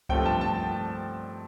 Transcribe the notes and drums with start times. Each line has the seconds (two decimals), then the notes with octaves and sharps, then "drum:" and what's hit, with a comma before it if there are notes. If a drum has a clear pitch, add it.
0.09 G2 F3 A3 C4 G5, drum: kick C2
0.26 A5
0.41 A5